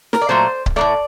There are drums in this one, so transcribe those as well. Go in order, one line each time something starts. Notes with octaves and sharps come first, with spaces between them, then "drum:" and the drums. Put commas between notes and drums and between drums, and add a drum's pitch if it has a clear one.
A#4, drum: snare
D5
A#2 F#3 A3 C5
drum: kick C#1
A2 F#3 A3 D5